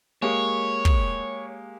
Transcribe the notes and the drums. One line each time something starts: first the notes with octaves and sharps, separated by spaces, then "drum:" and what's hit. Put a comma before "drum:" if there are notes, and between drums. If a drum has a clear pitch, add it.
G#3 A#3 G4 C#5
drum: kick